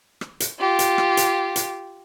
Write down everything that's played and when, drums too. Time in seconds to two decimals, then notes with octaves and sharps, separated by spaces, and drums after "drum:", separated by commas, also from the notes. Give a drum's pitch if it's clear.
0.21 drum: rim click
0.40 drum: hi-hat
0.60 F4 G4
0.79 drum: hi-hat
0.98 drum: rim click
1.17 drum: hi-hat
1.56 drum: hi-hat